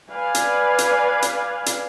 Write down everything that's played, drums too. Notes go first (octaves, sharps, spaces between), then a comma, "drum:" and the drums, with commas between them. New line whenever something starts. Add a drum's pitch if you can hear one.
B4 D5 F5 G#5
drum: hi-hat
drum: hi-hat
drum: hi-hat
drum: hi-hat